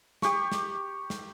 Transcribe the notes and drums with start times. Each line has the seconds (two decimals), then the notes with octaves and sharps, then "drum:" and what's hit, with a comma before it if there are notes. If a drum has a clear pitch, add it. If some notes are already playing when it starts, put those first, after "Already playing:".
0.22 G4 C#6, drum: snare
0.52 drum: snare
1.10 drum: snare